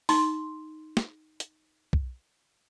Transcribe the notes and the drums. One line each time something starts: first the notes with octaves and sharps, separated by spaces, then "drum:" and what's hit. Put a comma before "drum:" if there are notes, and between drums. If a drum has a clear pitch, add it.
D#4 C6, drum: open hi-hat
drum: snare
drum: hi-hat
drum: kick B1